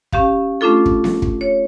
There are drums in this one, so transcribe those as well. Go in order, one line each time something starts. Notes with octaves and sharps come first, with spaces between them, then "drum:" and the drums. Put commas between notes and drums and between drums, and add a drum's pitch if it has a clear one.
C#4 G4 F5, drum: kick
A3 C#4 D4 F4 A4
drum: kick
drum: snare B3
drum: kick
C#5